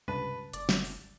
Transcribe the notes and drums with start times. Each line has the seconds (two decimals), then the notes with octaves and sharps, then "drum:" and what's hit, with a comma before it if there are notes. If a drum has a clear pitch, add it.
0.08 C#2 G2 C3 B4 A5
0.53 F#1 D5, drum: hi-hat
0.69 drum: snare
0.84 drum: open hi-hat